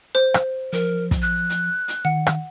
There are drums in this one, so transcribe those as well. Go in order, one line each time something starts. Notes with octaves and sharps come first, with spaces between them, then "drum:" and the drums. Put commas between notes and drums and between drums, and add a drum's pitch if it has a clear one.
C5
drum: rim click
F3 A#4, drum: hi-hat
drum: kick, hi-hat
F#6
drum: hi-hat
drum: hi-hat
D#3 F#5
drum: rim click